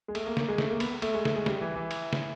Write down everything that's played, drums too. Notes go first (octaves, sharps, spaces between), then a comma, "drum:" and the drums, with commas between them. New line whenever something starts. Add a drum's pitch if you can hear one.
G#3
A3, drum: cymbal
A#3
A#3, drum: snare
G#3
A3, drum: snare
A#3
B3, drum: cymbal
A3, drum: cymbal
G#3
A3, drum: snare
G#3
G3, drum: snare
E3
E3
drum: cymbal
drum: snare